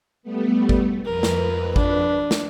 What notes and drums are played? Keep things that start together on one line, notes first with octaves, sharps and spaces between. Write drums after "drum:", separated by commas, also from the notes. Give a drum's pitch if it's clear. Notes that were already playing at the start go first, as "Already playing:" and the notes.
G3 A3 B3
drum: kick G#1
F2 A#4 B4
drum: snare
D4, drum: kick G#1
drum: snare